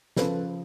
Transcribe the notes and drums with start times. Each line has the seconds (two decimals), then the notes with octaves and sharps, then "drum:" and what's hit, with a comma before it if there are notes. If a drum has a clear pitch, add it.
0.16 C#3 F3 A4 B4, drum: snare